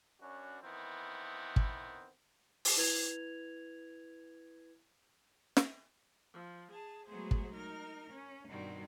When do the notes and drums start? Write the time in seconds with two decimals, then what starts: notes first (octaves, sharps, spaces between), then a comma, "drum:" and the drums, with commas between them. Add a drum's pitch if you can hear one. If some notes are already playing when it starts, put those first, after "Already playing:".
0.21 F#2 C#4 D4 F#4
0.62 D#3 E3 B3 C4
1.56 drum: kick
2.65 drum: open hi-hat
2.77 E4 B4 G#6 F7
5.57 drum: snare
6.33 F3
6.70 G#4 A5
7.07 F#3 G#3 A3 B3 G#4 C5
7.31 drum: kick
7.52 D#4 A#4 F6
8.11 C#4
8.49 G2 B2 D#3 G3 C4 F#4